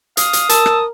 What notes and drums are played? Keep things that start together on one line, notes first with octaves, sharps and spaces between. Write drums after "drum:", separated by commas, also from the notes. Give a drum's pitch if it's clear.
F5 D#6, drum: hi-hat
drum: hi-hat
A#4 A5 E6, drum: hi-hat
drum: rim click